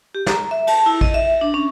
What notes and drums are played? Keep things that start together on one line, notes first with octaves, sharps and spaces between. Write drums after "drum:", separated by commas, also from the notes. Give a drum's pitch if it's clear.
G4
A#5, drum: snare
E5
A5, drum: cymbal
E4
D#5, drum: kick A1
E5
D4
C#4